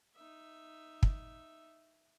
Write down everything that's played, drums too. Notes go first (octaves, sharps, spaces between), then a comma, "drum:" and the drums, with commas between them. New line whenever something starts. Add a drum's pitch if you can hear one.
D#4 E5
drum: kick